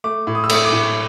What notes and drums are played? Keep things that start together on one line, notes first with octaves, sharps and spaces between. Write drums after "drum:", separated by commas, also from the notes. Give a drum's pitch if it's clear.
A3 D6
A2
D#6
E6
A3 D#6, drum: cymbal
D6
A2